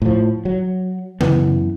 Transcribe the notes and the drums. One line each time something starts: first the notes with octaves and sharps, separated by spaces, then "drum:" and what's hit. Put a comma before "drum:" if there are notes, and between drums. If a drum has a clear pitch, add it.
A2 F3
F#3
F#2 E3 B3, drum: tom C#3